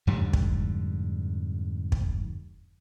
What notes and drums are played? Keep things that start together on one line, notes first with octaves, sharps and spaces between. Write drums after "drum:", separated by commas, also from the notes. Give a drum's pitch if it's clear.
F2 G#2 D3 G3
drum: kick
drum: kick